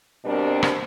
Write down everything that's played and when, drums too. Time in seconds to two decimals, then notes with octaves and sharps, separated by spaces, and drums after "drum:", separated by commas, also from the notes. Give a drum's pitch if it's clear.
0.25 G2 B2 G3 C4 D4 A#4
0.63 drum: rim click